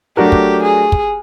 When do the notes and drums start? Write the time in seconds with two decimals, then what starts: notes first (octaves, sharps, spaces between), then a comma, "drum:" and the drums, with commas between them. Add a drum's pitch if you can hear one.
0.17 F#3 A3 D4 F#4 G4 A#4
0.32 drum: kick
0.62 G#4
0.92 drum: kick